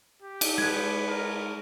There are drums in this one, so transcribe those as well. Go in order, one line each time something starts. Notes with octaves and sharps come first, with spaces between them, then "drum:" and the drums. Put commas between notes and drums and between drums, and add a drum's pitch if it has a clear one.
G4
drum: cymbal
G#3 B4 F#6 G#6
A#4